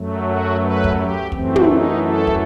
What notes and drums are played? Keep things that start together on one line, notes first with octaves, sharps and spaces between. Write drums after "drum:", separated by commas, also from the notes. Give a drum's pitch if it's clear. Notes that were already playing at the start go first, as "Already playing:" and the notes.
Already playing: F#2 F#3 A3
F#4
B4
drum: kick
G4
F#2 E3 A3 C4, drum: kick
drum: tom
D#4
A4
drum: kick